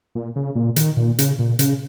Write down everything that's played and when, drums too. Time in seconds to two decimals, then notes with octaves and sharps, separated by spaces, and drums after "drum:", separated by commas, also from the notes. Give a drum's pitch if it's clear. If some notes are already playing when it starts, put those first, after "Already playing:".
0.15 A#2
0.36 C#3
0.55 A#2
0.76 D#3, drum: hi-hat
0.97 A#2
1.19 C#3, drum: hi-hat
1.39 A#2
1.59 C#3, drum: hi-hat